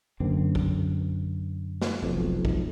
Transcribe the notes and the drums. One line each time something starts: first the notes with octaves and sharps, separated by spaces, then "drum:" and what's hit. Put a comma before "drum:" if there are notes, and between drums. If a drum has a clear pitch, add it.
F#2 D3 A#3 C4
drum: kick
drum: snare
F1 B1 F2
drum: kick